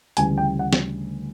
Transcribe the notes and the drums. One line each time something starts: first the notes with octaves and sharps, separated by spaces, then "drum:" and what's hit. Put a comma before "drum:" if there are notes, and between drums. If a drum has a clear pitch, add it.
D2 C#3 E3 G3 G#5, drum: hi-hat
G5
F#5
drum: snare